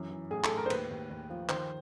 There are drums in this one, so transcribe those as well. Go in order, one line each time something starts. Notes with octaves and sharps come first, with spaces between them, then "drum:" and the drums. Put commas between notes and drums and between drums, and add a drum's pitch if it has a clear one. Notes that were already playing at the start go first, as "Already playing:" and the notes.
Already playing: F#2 E3
E3
A2 G#4
A4, drum: clap
A2
A#4
C5
D#2 B4, drum: cymbal
D#2
D#2
F3
D#3 C5, drum: clap